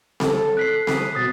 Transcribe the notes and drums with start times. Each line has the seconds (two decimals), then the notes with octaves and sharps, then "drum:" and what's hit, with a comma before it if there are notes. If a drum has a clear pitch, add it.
0.20 A4, drum: snare C4
0.57 F#6 B6 C7
0.87 D#6, drum: snare C4
1.15 B2 D#6 A6